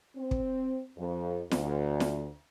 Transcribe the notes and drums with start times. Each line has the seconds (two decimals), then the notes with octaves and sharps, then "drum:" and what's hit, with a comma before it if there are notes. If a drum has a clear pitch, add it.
0.16 C4
0.31 drum: kick
0.97 F2
1.51 D2, drum: snare
2.00 drum: snare